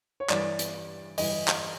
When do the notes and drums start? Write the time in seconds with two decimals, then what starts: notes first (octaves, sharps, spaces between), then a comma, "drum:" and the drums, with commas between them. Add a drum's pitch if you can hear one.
0.20 C#5
0.29 G2 E3 D5, drum: clap
0.59 drum: hi-hat
1.18 G2 E3 D#5, drum: open hi-hat
1.48 drum: clap